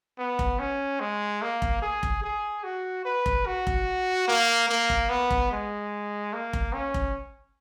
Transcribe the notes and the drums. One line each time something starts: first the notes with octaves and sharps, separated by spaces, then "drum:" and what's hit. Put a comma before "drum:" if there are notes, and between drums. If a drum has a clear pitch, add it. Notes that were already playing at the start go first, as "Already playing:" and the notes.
B3
drum: kick F1
C#4
G#3
A#3
drum: kick F1
G#4
drum: kick F1
G#4
F#4
B4
drum: kick F1
F#4
drum: kick F1
A#3
A#3
drum: kick F1
B3
drum: kick F1
G#3
A#3
drum: kick F1
C#4
drum: kick F1